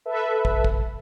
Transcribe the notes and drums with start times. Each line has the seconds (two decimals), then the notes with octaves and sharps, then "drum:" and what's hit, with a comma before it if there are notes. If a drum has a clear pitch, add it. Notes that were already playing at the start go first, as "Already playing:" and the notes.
0.06 A4 B4 E5
0.45 drum: kick
0.64 drum: kick